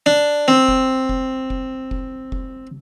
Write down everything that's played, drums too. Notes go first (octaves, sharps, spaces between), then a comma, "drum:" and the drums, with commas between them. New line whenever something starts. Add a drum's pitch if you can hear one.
D4
C4
drum: kick F1
drum: kick F1
drum: kick F1
drum: kick F1
drum: kick F1